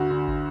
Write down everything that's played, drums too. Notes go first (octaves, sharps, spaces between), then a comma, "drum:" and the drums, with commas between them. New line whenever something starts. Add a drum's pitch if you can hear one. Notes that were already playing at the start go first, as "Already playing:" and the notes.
Already playing: D2 F#4
D3
drum: kick